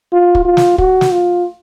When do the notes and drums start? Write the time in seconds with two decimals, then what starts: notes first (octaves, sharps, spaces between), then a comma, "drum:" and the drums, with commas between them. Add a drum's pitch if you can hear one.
0.13 F4
0.35 drum: kick
0.45 F4
0.57 drum: snare
0.78 F#4, drum: kick
1.01 drum: snare
1.12 F4